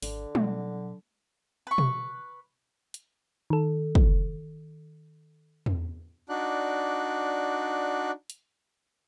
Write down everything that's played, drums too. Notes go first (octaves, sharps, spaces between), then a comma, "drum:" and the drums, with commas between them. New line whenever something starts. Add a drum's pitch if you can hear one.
G#1 D3, drum: open hi-hat
B2 F#3, drum: tom G3
B4 C#6
drum: tom B2
drum: hi-hat
D#3 A4
drum: kick
drum: tom E2
D4 D#4 F#4 D5 F#6
drum: hi-hat